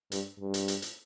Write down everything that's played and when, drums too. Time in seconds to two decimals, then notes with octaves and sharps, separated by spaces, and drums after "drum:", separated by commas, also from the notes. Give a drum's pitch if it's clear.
0.12 G2, drum: hi-hat
0.40 G2
0.54 drum: hi-hat
0.68 drum: hi-hat
0.82 drum: hi-hat